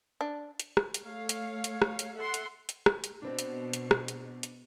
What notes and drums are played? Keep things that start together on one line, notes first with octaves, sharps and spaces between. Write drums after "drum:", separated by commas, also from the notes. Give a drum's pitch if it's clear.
D4
drum: hi-hat
drum: rim click
drum: hi-hat
A3 C#5 F5
drum: hi-hat
drum: hi-hat
drum: rim click
drum: hi-hat
A4 E5 F#5 C6
drum: hi-hat
drum: hi-hat
drum: rim click
drum: hi-hat
B2 C4 D4
drum: hi-hat
drum: hi-hat
drum: rim click
drum: hi-hat
drum: hi-hat